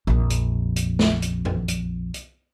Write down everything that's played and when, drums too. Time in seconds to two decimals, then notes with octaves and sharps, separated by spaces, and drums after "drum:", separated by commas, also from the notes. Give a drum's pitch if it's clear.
0.07 A#1 F2
0.30 drum: hi-hat
0.76 drum: hi-hat
0.99 drum: snare
1.22 drum: hi-hat
1.45 drum: tom F#2
1.68 drum: hi-hat
2.14 drum: hi-hat